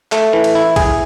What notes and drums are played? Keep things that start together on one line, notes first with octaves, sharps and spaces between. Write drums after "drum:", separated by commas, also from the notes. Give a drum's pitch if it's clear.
A3, drum: clap
E3
drum: cymbal
E4
G#4, drum: kick, cymbal